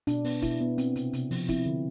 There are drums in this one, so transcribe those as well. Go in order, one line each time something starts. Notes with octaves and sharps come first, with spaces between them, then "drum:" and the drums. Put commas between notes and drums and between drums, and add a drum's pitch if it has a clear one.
B2 D4, drum: hi-hat
B3, drum: open hi-hat
B2 E4, drum: kick, hi-hat
B3
C4, drum: hi-hat
C3, drum: hi-hat
C3, drum: hi-hat
F3, drum: open hi-hat
C4 E4, drum: kick, hi-hat
D3